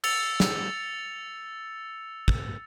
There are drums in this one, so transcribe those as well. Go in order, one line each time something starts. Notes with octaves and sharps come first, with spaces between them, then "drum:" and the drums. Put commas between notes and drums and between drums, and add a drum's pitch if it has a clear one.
E6 A6 C#7 F7, drum: cymbal
drum: snare
drum: kick